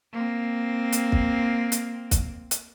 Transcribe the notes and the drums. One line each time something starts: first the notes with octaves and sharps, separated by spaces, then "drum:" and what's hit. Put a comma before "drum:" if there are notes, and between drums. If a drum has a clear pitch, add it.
A#3 C4
drum: hi-hat
drum: kick
drum: hi-hat
drum: kick, hi-hat
drum: hi-hat